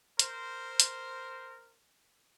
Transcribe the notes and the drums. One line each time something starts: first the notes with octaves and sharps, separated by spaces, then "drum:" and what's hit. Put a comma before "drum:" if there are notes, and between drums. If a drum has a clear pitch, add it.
A#4 C5, drum: hi-hat
drum: hi-hat